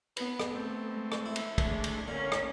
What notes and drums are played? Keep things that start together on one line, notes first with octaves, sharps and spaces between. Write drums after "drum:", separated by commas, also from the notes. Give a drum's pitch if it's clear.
B3 B4, drum: cymbal
drum: rim click
A3 C4
G#3
drum: rim click
E4
drum: cymbal
G#3 A3 D4, drum: kick, cymbal
drum: cymbal
D3 A#3 C#4 F5
drum: rim click